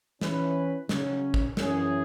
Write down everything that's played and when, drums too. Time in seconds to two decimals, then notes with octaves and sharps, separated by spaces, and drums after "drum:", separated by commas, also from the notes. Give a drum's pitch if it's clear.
0.21 E3 C#4 E4 B4, drum: snare
0.89 C#3 F#3 C#4, drum: snare
1.34 drum: kick
1.57 F#2 E3 C#4 G#4, drum: snare